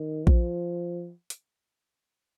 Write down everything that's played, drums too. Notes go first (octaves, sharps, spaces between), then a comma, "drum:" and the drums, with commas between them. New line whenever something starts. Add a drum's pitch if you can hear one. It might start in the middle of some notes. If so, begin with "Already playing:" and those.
Already playing: D#3
F3, drum: kick A#1
drum: hi-hat